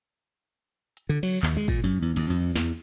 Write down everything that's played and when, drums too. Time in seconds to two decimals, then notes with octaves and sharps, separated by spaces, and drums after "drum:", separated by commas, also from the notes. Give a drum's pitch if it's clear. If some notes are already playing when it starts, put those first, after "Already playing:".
0.97 drum: hi-hat
1.09 D3
1.23 F#3, drum: cymbal
1.43 D#2, drum: clap
1.57 G#3
1.68 A#2, drum: kick
1.83 F#2
2.02 E2
2.16 D#2, drum: cymbal
2.30 F2
2.55 E2, drum: snare